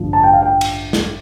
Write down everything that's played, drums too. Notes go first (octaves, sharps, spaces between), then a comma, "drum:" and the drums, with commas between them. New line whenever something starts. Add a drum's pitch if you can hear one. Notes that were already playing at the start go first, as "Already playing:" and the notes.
Already playing: A1 G2 D3 F3
A5
G5
F5
G5
drum: cymbal
drum: snare